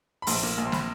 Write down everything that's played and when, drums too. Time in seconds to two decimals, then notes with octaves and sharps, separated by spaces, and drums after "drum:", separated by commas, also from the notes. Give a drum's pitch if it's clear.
0.22 B5
0.27 A#1 C6, drum: open hi-hat
0.43 A#3
0.58 A#1
0.67 C6
0.72 B5, drum: snare